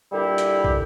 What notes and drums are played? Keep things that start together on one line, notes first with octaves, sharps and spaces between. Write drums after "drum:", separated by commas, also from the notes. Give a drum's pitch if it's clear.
A#2 D3 G3 E4 G4
drum: hi-hat
drum: kick